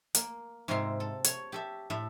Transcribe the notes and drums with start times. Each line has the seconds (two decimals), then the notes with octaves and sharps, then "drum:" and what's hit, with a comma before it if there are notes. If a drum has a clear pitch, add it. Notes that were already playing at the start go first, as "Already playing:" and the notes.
0.15 A#3, drum: hi-hat
0.68 G#2 C3 F4 E5 A#5 C6
1.00 A4
1.24 C#5, drum: hi-hat
1.52 G4 A4 E5
1.90 A2 A4 E5